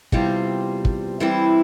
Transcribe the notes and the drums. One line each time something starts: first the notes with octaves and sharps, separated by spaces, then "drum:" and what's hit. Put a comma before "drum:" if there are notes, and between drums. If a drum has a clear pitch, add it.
E2 C3 G3 C4 F4, drum: kick
drum: kick
E3 G3 C4 E4